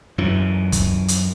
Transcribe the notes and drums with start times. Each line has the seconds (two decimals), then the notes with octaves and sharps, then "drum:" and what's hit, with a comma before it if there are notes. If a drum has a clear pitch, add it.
0.18 F#2 E3
0.72 drum: kick, hi-hat
1.08 drum: hi-hat